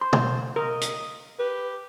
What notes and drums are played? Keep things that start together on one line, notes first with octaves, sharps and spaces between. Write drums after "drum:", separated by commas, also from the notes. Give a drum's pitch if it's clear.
C5 C6
drum: tom
A#4 D#5
drum: hi-hat
G4 B4